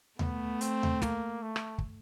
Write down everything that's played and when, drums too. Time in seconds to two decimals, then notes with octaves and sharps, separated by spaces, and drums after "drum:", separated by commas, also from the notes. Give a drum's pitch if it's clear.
0.19 A3 B3, drum: tom D#2
0.61 C4, drum: hi-hat
0.83 drum: tom D#2
1.02 A#3, drum: snare
1.42 A3
1.56 drum: rim click
1.78 drum: kick